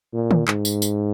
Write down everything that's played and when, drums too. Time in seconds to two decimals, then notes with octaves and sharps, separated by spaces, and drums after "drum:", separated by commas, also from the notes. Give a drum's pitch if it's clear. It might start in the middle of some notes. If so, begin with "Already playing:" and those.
0.13 A#2
0.31 drum: tom D3
0.48 G#2, drum: clap
0.65 drum: tambourine
0.82 drum: tambourine